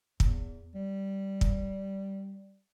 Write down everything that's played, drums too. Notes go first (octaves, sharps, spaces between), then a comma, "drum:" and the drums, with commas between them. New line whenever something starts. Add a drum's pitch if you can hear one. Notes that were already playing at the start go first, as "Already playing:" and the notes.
E2, drum: kick
G3
drum: kick